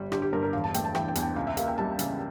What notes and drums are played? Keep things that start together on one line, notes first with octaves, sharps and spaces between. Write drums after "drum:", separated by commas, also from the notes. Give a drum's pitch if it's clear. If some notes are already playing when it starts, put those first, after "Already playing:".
Already playing: G1 G3
D3 G4, drum: rim click
G4
G2 A#4
A#4
E1 F5
A5
A3 G5, drum: hi-hat
A5
E3 G5, drum: rim click
G5
E2, drum: hi-hat
G5
C#2 F5
E5
A#3 F5, drum: hi-hat
G5
G3 A5
C#3, drum: hi-hat